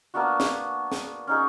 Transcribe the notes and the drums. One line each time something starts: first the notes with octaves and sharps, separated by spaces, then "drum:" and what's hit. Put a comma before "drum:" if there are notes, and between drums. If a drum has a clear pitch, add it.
A#3 B3 D4 F#4
drum: snare
drum: snare
C#4 D#4 G#4